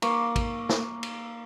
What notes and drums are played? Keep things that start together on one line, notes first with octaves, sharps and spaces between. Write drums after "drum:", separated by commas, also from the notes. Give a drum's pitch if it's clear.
A#3 C#6, drum: cymbal
drum: kick, cymbal
drum: snare
drum: cymbal